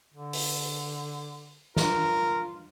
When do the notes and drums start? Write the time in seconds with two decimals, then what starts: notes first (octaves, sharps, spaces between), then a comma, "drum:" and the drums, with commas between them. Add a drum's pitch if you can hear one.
0.14 D3
0.33 drum: open hi-hat
1.76 F4 A#4, drum: snare